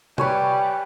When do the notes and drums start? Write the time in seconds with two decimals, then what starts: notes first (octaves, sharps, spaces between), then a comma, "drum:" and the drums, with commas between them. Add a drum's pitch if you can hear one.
0.18 G3 B4 C#5 G#5, drum: tom